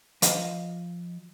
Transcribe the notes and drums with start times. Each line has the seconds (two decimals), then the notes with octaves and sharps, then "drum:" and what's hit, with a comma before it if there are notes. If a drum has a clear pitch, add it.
0.22 F3 D#5 F5, drum: hi-hat